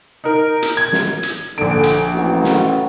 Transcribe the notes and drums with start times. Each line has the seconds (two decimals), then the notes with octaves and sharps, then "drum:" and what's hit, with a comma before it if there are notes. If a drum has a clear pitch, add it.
0.24 D#4 A#4
0.62 drum: hi-hat
0.77 G#6
0.93 drum: snare
1.23 drum: hi-hat
1.58 A#1 D3 D7
1.83 drum: hi-hat
2.14 A1 F#4
2.44 drum: snare